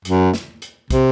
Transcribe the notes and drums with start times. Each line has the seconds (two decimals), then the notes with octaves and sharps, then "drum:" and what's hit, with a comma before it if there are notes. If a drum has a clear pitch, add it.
0.05 F#2, drum: hi-hat
0.34 drum: snare
0.62 drum: hi-hat
0.91 C3, drum: kick, hi-hat